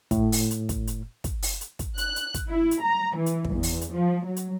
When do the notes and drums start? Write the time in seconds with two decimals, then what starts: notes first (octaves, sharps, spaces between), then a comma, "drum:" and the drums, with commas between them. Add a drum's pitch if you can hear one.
0.11 A2, drum: kick, hi-hat
0.32 drum: open hi-hat
0.51 drum: hi-hat
0.69 drum: kick, hi-hat
0.87 drum: hi-hat
1.24 drum: kick, hi-hat
1.42 drum: open hi-hat
1.61 drum: hi-hat
1.79 drum: kick, hi-hat
1.98 F#6, drum: hi-hat
2.16 drum: hi-hat
2.34 drum: kick, hi-hat
2.48 E4
2.71 drum: hi-hat
2.82 A#5
3.16 E3
3.26 drum: hi-hat
3.45 drum: kick
3.54 E2
3.63 drum: open hi-hat
3.81 drum: hi-hat
3.92 F3
4.26 F#3
4.36 drum: hi-hat